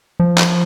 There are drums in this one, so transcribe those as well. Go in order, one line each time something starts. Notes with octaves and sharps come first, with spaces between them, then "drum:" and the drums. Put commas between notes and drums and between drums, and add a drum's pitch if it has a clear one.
F3
drum: clap